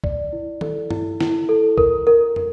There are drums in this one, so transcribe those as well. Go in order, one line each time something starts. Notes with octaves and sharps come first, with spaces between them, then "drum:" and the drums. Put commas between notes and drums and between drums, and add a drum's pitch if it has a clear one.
D5, drum: kick
E4
A4, drum: tom D#3
E4, drum: tom
E4, drum: snare
A4
A#4, drum: kick
A#4
A#4, drum: tom